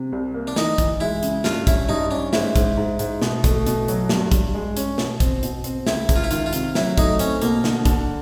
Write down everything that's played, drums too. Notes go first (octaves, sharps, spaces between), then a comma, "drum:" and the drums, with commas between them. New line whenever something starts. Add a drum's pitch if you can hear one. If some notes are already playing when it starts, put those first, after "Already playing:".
Already playing: C3
C2
A#3
D4
E3 D#4, drum: snare
E3, drum: kick, hi-hat
G#3 E4
C#3, drum: hi-hat
G2 F4, drum: snare
C#4 E4, drum: kick, hi-hat
G2 D#4
C#4 D4
G#2 E4, drum: snare
G#2, drum: kick, hi-hat
G#2
G#2, drum: hi-hat
B2, drum: snare
A3, drum: kick, hi-hat
B2, drum: hi-hat
F#3, drum: hi-hat
G2, drum: snare
G2, drum: kick, hi-hat
G#3
C#4, drum: hi-hat
B2, drum: snare
C4, drum: kick, hi-hat
B2, drum: hi-hat
C4, drum: hi-hat
C#2 E4, drum: snare
C#2, drum: kick, hi-hat
F4
E4
D#3 F4, drum: hi-hat
F4
C3, drum: hi-hat
F#3 E4, drum: snare
A3 D#4, drum: kick, hi-hat
C4 C#4, drum: hi-hat
B2 A#3, drum: hi-hat
D3, drum: snare
D3, drum: kick, hi-hat